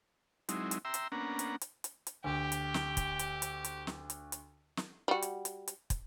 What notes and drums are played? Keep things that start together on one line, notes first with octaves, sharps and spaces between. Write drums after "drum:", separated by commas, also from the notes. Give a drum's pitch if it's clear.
F#3 G#3 C4 D#4 E4, drum: hi-hat
drum: hi-hat
E5 G5 A#5 C6 E6
drum: hi-hat
A#3 B3 C#4 D4 F#5 A#5
drum: hi-hat
drum: hi-hat
drum: hi-hat
drum: hi-hat
D2 G4
drum: hi-hat
drum: snare
drum: kick, hi-hat
drum: hi-hat
drum: hi-hat
drum: hi-hat
drum: snare
drum: hi-hat
drum: hi-hat
drum: snare
G3 F#4
drum: hi-hat
drum: hi-hat
drum: hi-hat
drum: kick, hi-hat